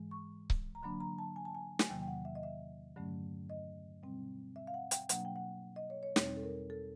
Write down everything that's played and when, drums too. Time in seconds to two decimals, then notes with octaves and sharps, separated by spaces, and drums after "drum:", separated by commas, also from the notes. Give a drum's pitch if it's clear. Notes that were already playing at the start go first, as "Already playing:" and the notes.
Already playing: G#2 E3 G#3
0.11 C#6
0.50 drum: kick C#1
0.75 A#5
0.83 D3 F#3 A#3 D4 B5
1.00 A#5
1.18 A5
1.36 G#5
1.45 A5
1.55 G#5
1.79 G#5, drum: snare
1.89 E2 C3 D#3 F#3 A#3 G5
2.02 G5
2.08 F#5
2.25 E5
2.35 D#5
2.43 E5
2.96 G2 D3 F#3 A3 C#4
3.50 D#5
4.03 B2 G3 C4
4.56 E5
4.67 F5
4.74 F#5
4.91 G5, drum: hi-hat
5.09 B2 F#3 A#3 D4 F#5, drum: hi-hat
5.25 G5
5.36 F#5
5.76 D#5
5.90 C#5
6.03 C#5
6.16 E2 B2 G3 C4 D#4 C#5, drum: snare
6.37 A4
6.43 A#4
6.70 A4